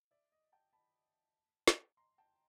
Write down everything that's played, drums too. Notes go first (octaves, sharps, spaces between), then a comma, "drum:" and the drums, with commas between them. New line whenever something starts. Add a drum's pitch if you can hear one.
D5 E5
D#5
G5 A5
A5 B5
drum: snare
A#5 C6
G5 A5